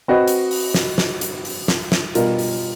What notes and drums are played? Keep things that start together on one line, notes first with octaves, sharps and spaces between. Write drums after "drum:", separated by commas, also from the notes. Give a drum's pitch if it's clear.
C4 F#4 B4 D#5
drum: hi-hat
drum: open hi-hat
drum: snare
drum: snare
drum: hi-hat
drum: open hi-hat
drum: snare
drum: snare
B2 G3 F4 A#4, drum: hi-hat
drum: open hi-hat